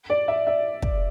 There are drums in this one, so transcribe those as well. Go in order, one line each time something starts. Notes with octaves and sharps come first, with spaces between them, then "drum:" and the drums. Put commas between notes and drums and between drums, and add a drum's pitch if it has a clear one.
D5
E5
E5
drum: kick